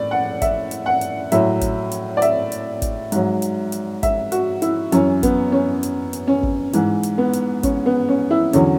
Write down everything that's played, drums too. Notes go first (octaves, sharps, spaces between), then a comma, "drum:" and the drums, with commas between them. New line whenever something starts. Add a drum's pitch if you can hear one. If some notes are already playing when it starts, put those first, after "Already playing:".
Already playing: A2 D5
F#5
E5, drum: kick, hi-hat
drum: hi-hat
F#5
drum: hi-hat
A2 F#3 E5, drum: hi-hat
drum: kick, hi-hat
drum: hi-hat
D5
E5, drum: hi-hat
drum: hi-hat
drum: kick, hi-hat
G#2 F#3, drum: hi-hat
drum: hi-hat
drum: hi-hat
E5, drum: kick, hi-hat
F#4, drum: hi-hat
E4, drum: hi-hat
F#2 E3 C#4, drum: hi-hat
B3, drum: kick, hi-hat
C#4
drum: hi-hat
drum: hi-hat
C#4
drum: kick
G#2 E3, drum: hi-hat
drum: hi-hat
B3
drum: hi-hat
C#4, drum: kick, hi-hat
B3
C#4
E4
E2 D3 F#3 C#4, drum: hi-hat